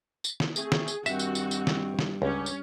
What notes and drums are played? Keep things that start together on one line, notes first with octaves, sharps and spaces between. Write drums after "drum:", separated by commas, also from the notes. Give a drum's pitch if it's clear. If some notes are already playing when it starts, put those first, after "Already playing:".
drum: tambourine
drum: snare
A3 C4 G#4, drum: tambourine
drum: snare
drum: tambourine
G2 D#3 C4 F#4 E5, drum: tambourine
drum: tambourine
drum: tambourine
drum: tambourine
drum: snare
drum: snare
C#2 D3 F#3 C#4 G4
drum: tambourine